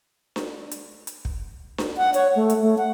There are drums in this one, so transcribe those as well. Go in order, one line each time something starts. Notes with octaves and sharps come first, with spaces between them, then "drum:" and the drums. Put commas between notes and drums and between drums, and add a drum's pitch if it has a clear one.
drum: snare D4
drum: hi-hat
drum: hi-hat
drum: kick
drum: snare D4
F#5
C#5, drum: hi-hat
A3
drum: hi-hat
A3
F#5